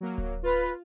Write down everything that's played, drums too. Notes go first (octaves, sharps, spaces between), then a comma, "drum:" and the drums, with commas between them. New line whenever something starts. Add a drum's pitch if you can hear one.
F#3 A#3
drum: kick D1
F4 B4